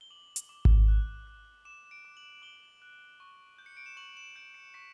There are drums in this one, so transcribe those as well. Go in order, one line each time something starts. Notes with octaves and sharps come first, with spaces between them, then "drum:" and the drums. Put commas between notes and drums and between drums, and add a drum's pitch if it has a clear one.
G7
D6 F#7
drum: hi-hat
D6
drum: kick G#1
F#6
F#6
D6 E7
D7
D6
F#7
D6 G7
F#6
C#6
G6
C#7
D7
E7
C#6 F#7
E7
G6 D7
C#7
C#6 B6